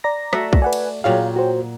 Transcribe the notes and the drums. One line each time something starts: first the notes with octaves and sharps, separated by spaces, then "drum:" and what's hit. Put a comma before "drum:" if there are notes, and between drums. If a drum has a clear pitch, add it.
D5 A#5 A#6
A3 F#4 E5, drum: rim click
drum: kick B1
B4 D5 F#5 G#5
drum: cymbal
A#2 F#3 F4 G#4 C#5 F5 G5
F#4 C5